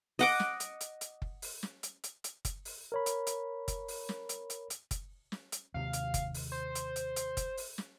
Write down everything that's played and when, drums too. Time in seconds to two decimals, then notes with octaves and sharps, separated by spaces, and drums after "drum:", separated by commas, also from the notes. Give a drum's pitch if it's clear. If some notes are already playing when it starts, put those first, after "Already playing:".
0.19 D#5 F#5 D6, drum: open hi-hat
0.40 drum: snare
0.60 drum: hi-hat
0.81 drum: hi-hat
1.01 drum: hi-hat
1.22 drum: kick F#1
1.42 drum: open hi-hat
1.63 drum: snare
1.83 drum: hi-hat
2.04 drum: hi-hat
2.24 drum: hi-hat
2.45 drum: kick F#1, hi-hat
2.65 drum: open hi-hat
2.92 A#4 C#5 B5
3.06 drum: hi-hat
3.27 drum: hi-hat
3.68 drum: kick F#1, hi-hat
3.88 drum: open hi-hat
4.09 drum: snare
4.29 drum: hi-hat
4.50 drum: hi-hat
4.70 drum: hi-hat
4.91 drum: kick F#1, hi-hat
5.32 drum: snare
5.52 drum: hi-hat
5.74 D#2 C3 F5
5.93 drum: hi-hat
6.14 drum: kick F#1, hi-hat
6.34 drum: open hi-hat
6.52 C5
6.75 drum: hi-hat
6.96 drum: hi-hat
7.16 drum: hi-hat
7.37 drum: kick F#1, hi-hat
7.57 drum: open hi-hat
7.78 drum: snare